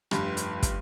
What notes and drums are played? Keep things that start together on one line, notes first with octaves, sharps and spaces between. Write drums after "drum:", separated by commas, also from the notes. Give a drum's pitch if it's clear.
F1 G2, drum: rim click
drum: hi-hat
drum: kick, hi-hat